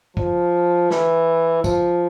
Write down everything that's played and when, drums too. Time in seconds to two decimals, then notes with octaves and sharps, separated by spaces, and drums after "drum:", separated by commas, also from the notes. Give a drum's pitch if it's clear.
0.17 F3, drum: kick
0.91 E3, drum: snare
1.64 F3, drum: kick, tambourine